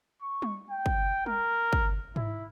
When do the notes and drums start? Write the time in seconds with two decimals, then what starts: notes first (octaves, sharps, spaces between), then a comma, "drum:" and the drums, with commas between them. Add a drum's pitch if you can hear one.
0.22 C#6
0.42 drum: tom G3
0.70 G5
0.86 drum: kick
1.26 A#4, drum: tom G3
1.73 drum: kick
2.16 E4, drum: tom G#2